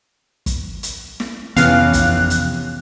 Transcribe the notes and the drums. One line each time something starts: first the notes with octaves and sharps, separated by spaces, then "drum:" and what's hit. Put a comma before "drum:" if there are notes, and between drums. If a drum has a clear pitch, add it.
drum: kick, hi-hat
drum: hi-hat
drum: snare
F2 C3 E3 B3 C#4 F5 F#6, drum: hi-hat
drum: kick, hi-hat
drum: hi-hat